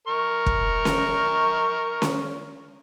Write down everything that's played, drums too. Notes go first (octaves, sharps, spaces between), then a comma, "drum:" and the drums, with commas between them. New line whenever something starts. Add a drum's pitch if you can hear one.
A#4 C#6
drum: kick
drum: snare C#4
drum: snare C#4